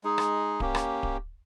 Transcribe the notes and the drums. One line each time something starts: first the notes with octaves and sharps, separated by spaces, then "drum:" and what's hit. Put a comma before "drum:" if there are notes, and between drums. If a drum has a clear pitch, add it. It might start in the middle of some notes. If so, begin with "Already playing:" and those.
G#3 D#4 G#4
drum: rim click
A#3 C#4 G4, drum: kick D1
drum: rim click
drum: kick D1